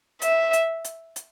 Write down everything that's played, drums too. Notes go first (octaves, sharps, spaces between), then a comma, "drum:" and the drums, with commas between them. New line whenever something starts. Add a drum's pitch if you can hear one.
E5, drum: hi-hat
drum: hi-hat
drum: hi-hat
drum: hi-hat